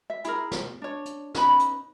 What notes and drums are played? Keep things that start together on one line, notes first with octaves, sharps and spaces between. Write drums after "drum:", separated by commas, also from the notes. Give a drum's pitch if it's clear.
E5
E4 G#4 A#4, drum: hi-hat
drum: snare
D4 C#5
drum: hi-hat
C#4 D#4 B4 B5, drum: snare
drum: hi-hat